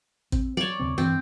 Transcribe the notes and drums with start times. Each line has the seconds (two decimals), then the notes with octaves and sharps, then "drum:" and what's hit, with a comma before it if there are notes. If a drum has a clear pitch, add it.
0.32 C4, drum: kick
0.57 F#3 C#5 D5
0.80 D#2 C#3 C4
0.98 G2 E3 C4